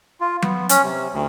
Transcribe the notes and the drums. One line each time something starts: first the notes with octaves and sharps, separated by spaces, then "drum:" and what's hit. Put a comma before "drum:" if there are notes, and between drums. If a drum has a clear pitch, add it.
F4
B3, drum: tom F#3
C#4, drum: hi-hat
C3
D2